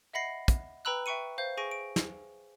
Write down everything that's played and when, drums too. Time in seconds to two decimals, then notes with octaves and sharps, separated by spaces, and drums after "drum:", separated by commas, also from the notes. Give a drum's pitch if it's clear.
0.14 D#5 E5 F#5 B5 A#6 C7
0.48 drum: kick, hi-hat
0.85 B4 G5 A#5 B5 E6 F#6
1.06 E5 G5 C#6 C#7 D#7
1.38 C5 F5 G6
1.57 G#4 G#5 C#6 A#6 D7
1.71 D7
1.96 drum: snare